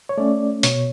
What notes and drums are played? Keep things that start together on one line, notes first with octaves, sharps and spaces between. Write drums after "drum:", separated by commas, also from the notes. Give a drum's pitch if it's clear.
C#5
A3 C#4 D5
B2 C#5, drum: hi-hat